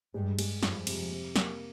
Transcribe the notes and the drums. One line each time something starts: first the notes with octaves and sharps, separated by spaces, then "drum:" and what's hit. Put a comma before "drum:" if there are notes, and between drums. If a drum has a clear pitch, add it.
G2 G3 G#3
G#3, drum: cymbal
F2 F3 G3, drum: snare
C3, drum: cymbal
C3
A#3, drum: snare